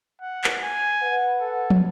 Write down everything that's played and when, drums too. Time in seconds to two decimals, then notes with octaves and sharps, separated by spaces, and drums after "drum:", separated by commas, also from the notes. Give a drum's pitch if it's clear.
0.22 F#5
0.44 drum: clap
0.63 G#5
1.02 B4 F#5
1.41 A4
1.70 drum: tom